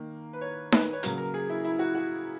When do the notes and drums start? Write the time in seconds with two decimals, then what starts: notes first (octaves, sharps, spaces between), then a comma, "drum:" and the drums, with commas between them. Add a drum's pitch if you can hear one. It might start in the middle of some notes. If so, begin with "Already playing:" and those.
Already playing: D#3 A#3
0.33 B4
0.41 C#5
0.72 B4, drum: snare D#4
0.93 C#5
1.03 C#3 F#3 A#3 A#4, drum: hi-hat
1.18 A#4
1.34 G#4
1.50 E4
1.64 E4
1.79 F#4
1.95 F#4